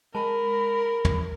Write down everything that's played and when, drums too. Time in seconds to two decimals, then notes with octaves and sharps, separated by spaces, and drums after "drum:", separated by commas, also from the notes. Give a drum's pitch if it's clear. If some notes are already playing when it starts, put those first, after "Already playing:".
0.15 G#3 A#4 A5 B5
1.05 drum: tom